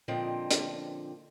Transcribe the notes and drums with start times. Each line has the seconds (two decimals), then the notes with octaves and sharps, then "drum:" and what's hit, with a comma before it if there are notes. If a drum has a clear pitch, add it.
0.08 A#2 D3 F3 C4 D#5 G5
0.51 drum: hi-hat